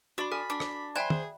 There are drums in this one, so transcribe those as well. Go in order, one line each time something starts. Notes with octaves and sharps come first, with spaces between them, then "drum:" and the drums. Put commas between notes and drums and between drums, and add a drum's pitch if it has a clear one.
D4 F#4 B5 C#6
A4 G#5 B5 C#6 F6
D4 D6
drum: rim click
C5 D5 E5 G5 G#5 B5 F#6
G#4, drum: tom